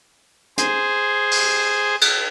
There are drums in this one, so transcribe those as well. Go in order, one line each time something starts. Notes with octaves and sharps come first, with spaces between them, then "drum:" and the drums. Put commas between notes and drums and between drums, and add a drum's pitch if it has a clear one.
G#4 C5, drum: hi-hat
drum: open hi-hat
drum: cymbal